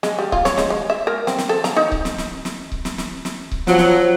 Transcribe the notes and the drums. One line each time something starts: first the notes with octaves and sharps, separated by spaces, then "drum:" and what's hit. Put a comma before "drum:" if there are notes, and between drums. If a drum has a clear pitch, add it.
G#3, drum: snare
G3
F4, drum: kick C#1
C#5, drum: snare
G#3, drum: snare
G#3
E5
A#4
C4, drum: snare
drum: snare
A4
A#5, drum: snare
D#4
drum: kick C#1
drum: snare
drum: snare
drum: snare
drum: kick C#1
drum: snare
drum: snare
drum: snare
drum: kick C#1
F3 F#3, drum: snare
drum: snare